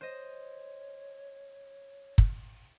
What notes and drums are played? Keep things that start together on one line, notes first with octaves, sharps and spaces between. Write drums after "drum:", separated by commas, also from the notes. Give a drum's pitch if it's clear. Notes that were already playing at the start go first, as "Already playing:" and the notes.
C5 C#5 D#5
drum: kick